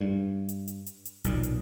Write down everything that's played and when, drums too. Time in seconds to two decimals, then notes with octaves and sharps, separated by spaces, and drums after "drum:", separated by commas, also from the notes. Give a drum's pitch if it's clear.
0.01 G2
0.49 drum: hi-hat
0.68 drum: hi-hat
0.86 drum: hi-hat
1.05 drum: hi-hat
1.24 B1 A#2, drum: hi-hat
1.43 drum: hi-hat